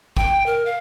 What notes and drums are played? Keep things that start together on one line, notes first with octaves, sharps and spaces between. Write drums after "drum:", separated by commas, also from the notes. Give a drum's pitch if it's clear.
G5, drum: kick
A#4
F5